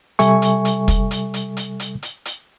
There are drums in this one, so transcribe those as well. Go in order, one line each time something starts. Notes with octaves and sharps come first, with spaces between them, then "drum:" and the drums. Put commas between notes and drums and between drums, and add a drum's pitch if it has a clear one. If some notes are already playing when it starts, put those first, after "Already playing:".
C3 G3 A4 E5 G#5 C#6, drum: hi-hat
drum: hi-hat
drum: hi-hat
drum: kick, hi-hat
drum: hi-hat
drum: hi-hat
drum: hi-hat
drum: hi-hat
drum: hi-hat
drum: hi-hat